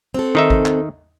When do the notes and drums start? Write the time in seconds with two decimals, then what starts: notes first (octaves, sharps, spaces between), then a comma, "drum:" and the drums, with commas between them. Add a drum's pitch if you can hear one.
0.14 C4 F#4 A4
0.35 D#3 D#4 E5
0.50 drum: kick
0.66 drum: clap